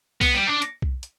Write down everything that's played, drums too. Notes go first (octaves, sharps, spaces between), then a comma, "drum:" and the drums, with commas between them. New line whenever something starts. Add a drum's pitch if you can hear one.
B3, drum: kick B1, open hi-hat
G3
D4
drum: hi-hat
drum: kick B1
drum: hi-hat